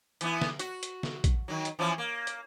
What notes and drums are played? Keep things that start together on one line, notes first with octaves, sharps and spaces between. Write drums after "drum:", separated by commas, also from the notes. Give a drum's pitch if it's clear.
E3 B3 E4, drum: hi-hat
drum: snare
F#4, drum: hi-hat
drum: hi-hat
drum: snare
drum: kick, hi-hat
D#3 F#3
drum: hi-hat
E3 F3 C#4
A#3
drum: hi-hat